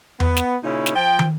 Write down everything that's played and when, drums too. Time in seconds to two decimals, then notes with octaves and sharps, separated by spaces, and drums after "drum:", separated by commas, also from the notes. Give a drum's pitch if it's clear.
0.20 B3, drum: tom E2
0.37 drum: snare
0.64 A#2 C#3 C#4 D#4 E4
0.86 drum: snare
0.95 F3 G5
1.19 drum: tom